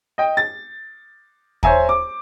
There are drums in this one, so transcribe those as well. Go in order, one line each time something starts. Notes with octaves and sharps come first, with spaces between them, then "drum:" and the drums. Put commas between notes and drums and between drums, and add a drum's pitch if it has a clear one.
D#5 G5
A6
C5 C#5 E5 G#5 A#5, drum: kick
D6